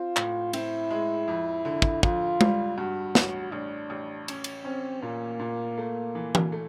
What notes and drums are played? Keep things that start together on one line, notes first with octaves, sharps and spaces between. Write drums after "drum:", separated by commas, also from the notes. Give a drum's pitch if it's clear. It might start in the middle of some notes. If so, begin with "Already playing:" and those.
Already playing: C4 F4
A2, drum: clap
C4 E4, drum: cymbal
G#3
F2
D3
drum: kick
F2 F4, drum: kick
G3, drum: tom G#3
G2 F#4
A1, drum: snare
A1 D4
A1
C#4, drum: cymbal
drum: cymbal
C4 C#4
A#2 A#3
A#2
A3
E3
drum: tom E3
A3